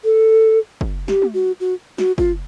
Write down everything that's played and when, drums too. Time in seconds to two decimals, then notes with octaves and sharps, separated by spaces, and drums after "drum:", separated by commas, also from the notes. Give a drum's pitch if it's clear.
0.04 A4
0.81 drum: kick
1.08 G4, drum: snare
1.22 drum: tom
1.34 F#4
1.60 F#4
1.98 F#4, drum: snare
2.18 F4, drum: kick